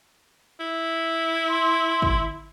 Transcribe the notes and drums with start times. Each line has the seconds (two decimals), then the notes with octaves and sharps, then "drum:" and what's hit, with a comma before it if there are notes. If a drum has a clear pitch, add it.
0.60 E4
1.49 C6
2.02 drum: kick